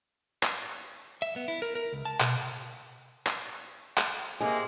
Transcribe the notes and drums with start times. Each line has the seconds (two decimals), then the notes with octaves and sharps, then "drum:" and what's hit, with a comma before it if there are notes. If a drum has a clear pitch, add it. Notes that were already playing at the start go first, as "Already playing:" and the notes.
0.43 drum: clap
1.22 E5
1.36 B3
1.48 E4
1.62 A#4
1.75 A#4
1.92 C#2
2.05 A5
2.20 B2, drum: clap
3.26 drum: clap
3.97 drum: clap
4.41 C3 G#3 A#3 G#5